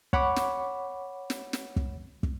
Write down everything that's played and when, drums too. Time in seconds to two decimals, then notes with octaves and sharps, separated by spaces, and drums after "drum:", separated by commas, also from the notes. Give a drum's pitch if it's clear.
0.13 C#5 F#5 B5 C#6 D6, drum: kick
0.36 drum: snare
1.30 drum: snare
1.53 drum: snare
1.76 drum: kick
2.23 drum: kick